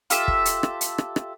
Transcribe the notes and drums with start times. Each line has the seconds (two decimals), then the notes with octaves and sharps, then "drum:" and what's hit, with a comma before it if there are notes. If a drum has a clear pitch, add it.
0.10 F4 G4 A4 E5, drum: hi-hat
0.28 drum: kick
0.45 drum: hi-hat
0.63 drum: rim click
0.81 drum: hi-hat
0.98 drum: rim click
1.16 drum: rim click